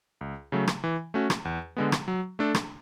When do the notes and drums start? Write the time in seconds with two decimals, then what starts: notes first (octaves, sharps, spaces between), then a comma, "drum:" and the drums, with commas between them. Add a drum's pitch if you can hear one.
0.21 C#2
0.52 C#3 F#3 A3
0.67 drum: rim click
0.84 E3
1.14 A3 C#4 F#4
1.30 drum: rim click
1.45 E2
1.77 D3 G#3 B3
1.92 drum: rim click
2.08 F#3
2.39 A3 D4 A4
2.55 drum: rim click